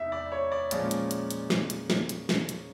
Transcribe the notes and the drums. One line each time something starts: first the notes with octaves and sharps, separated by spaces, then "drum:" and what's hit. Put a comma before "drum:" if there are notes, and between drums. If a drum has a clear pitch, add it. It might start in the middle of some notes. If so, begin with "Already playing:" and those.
Already playing: E2 C3 D#4 E5
D5
C#5
D5
A#2 F3 G#3 C#4 D5, drum: hi-hat
drum: hi-hat
drum: hi-hat
drum: hi-hat
drum: snare
drum: hi-hat
drum: snare
drum: hi-hat
drum: snare
drum: hi-hat